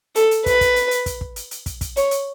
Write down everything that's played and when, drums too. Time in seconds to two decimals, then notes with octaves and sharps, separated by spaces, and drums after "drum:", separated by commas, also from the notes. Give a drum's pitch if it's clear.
0.15 A4, drum: hi-hat
0.31 drum: hi-hat
0.46 B4, drum: kick, hi-hat
0.61 drum: kick, hi-hat
0.76 drum: hi-hat
0.91 drum: hi-hat
1.06 drum: kick, hi-hat
1.21 drum: kick
1.36 drum: hi-hat
1.51 drum: hi-hat
1.66 drum: kick, hi-hat
1.81 drum: kick, hi-hat
1.97 C#5, drum: hi-hat
2.11 drum: hi-hat